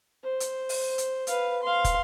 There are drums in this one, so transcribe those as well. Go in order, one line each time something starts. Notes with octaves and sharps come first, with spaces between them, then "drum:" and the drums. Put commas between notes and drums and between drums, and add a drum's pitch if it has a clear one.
C5
drum: hi-hat
drum: open hi-hat
drum: hi-hat
B4 F5, drum: hi-hat
F5 C6
drum: kick, hi-hat